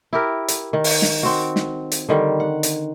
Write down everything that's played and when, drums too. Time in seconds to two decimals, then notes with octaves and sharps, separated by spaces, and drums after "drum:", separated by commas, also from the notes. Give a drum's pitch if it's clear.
0.13 E4 G4 A#4
0.48 drum: hi-hat
0.73 D#3
0.84 drum: open hi-hat
1.02 drum: snare
1.23 C4 F#4
1.56 drum: snare
1.92 drum: hi-hat
2.09 D3 D#3 G3
2.40 F#5
2.63 drum: hi-hat